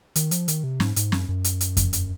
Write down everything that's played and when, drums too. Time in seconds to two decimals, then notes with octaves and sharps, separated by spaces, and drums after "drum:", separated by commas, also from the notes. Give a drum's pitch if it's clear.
0.16 D#3, drum: hi-hat
0.31 F3, drum: hi-hat
0.48 D#3, drum: hi-hat
0.64 C3
0.80 G#2, drum: snare
0.96 G#2, drum: hi-hat
1.12 F#2, drum: snare
1.29 F#2
1.44 drum: hi-hat
1.61 drum: hi-hat
1.77 drum: kick F2, hi-hat
1.93 drum: hi-hat